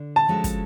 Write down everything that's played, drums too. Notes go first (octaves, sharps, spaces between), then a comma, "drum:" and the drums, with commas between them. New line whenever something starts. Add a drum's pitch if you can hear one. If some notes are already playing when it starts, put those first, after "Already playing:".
Already playing: D3 D4
A5
F3 G#3 C#4 F#4 A4
drum: kick, hi-hat